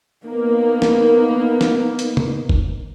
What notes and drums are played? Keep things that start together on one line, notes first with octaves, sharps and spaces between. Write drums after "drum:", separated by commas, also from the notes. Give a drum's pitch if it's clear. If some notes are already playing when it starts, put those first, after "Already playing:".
A#3 B3 D#4
drum: snare
drum: snare
drum: hi-hat
drum: tom C3
drum: kick